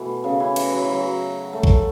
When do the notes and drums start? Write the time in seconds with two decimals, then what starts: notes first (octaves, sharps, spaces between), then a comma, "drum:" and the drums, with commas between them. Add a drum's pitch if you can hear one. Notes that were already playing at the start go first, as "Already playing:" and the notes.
Already playing: B2 E3 A3
0.24 C#3
0.40 E3
0.56 E3, drum: cymbal
0.72 F#3
0.82 E3
0.92 F#3
1.53 A3
1.63 drum: kick A#1